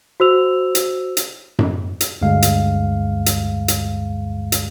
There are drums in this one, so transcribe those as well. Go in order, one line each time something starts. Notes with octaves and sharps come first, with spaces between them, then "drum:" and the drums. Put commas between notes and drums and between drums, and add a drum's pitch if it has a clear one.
F#4 C5 E6 F7
drum: hi-hat
drum: hi-hat
drum: tom F#2
drum: hi-hat
D2 G2 G#3 F5
drum: hi-hat
drum: hi-hat
drum: hi-hat
drum: hi-hat